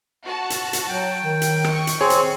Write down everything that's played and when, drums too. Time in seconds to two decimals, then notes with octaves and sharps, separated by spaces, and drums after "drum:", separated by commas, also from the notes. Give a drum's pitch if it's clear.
0.24 F#4 A5
0.50 drum: hi-hat
0.73 drum: hi-hat
0.89 F#3 G5
1.24 D#3
1.42 drum: hi-hat
1.64 D#5 C#6, drum: rim click
1.87 drum: hi-hat
2.01 C4 G#4 C#5
2.10 drum: hi-hat